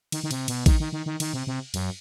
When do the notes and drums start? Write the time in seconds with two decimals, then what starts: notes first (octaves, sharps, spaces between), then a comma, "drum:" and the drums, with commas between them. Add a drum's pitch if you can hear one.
0.12 D#3, drum: cymbal
0.24 D#3
0.31 C3, drum: cymbal
0.48 B2, drum: cymbal
0.66 D#3, drum: kick A1, cymbal
0.80 D#3
0.93 D#3
1.06 D#3
1.20 D#3, drum: cymbal
1.33 C3
1.47 C3
1.74 F#2, drum: cymbal